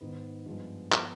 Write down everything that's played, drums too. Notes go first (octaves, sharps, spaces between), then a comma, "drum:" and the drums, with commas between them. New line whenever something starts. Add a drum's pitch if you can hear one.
G#2 D#3 B3
G2 F3 G#3 B3
F3 B3, drum: clap